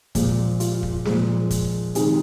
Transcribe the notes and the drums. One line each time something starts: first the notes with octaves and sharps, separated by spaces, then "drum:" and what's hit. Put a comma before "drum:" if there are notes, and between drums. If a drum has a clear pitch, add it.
A#2 F3 G#3 G#4, drum: kick, hi-hat
F4, drum: hi-hat
drum: kick
A#2 F3 G#3, drum: snare
drum: kick, hi-hat
C3 D#3 G#3 G#4, drum: hi-hat